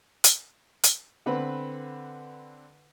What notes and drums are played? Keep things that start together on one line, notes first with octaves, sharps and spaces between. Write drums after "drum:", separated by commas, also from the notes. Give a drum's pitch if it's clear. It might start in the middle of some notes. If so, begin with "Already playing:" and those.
drum: hi-hat
drum: hi-hat
D3 C4 B4